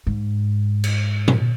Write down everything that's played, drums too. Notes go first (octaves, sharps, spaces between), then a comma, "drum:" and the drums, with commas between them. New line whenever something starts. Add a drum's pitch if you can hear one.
G#2
drum: cymbal
drum: tom A#2